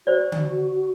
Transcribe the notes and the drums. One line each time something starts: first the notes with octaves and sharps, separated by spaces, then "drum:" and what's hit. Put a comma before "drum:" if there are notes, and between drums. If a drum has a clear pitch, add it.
F#4 C5 D5
drum: tom D3